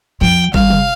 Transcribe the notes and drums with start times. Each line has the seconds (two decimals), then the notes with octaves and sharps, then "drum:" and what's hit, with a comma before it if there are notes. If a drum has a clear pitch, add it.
0.21 F3 G5, drum: tom
0.54 G3 F5, drum: kick
0.70 drum: tom